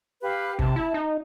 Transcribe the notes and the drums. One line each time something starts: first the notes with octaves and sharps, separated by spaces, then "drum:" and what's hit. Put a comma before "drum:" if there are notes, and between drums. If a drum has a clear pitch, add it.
G4 B4 F5
C3 A5, drum: kick
E4
D#4